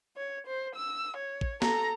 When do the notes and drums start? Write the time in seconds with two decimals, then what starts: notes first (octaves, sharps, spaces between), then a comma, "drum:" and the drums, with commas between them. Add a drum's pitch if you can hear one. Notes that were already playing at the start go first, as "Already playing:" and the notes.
0.17 C#5
0.46 C5
0.75 E6
1.17 C#5
1.41 drum: kick
1.62 A4 A#5, drum: snare